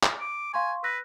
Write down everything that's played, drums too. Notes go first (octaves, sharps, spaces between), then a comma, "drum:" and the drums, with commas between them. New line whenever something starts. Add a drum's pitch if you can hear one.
drum: clap
D6
F5 G#5 C6 C#6
B4 E6 F#6 A#6